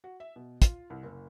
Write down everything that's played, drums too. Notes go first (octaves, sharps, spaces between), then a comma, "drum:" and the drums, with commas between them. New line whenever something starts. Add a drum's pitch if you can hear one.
F#4
E5
B2
F4, drum: kick, hi-hat
C2
F#1